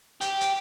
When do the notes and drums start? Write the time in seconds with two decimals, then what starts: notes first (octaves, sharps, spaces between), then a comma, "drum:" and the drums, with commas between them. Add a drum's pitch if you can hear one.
0.21 G4, drum: hi-hat
0.41 drum: hi-hat